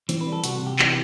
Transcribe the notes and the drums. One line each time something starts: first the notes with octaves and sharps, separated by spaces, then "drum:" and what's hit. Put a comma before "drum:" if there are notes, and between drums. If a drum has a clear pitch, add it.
E3 C4, drum: hi-hat
B4
G3
A4
C3 F#4, drum: hi-hat
C3
G4
E3, drum: clap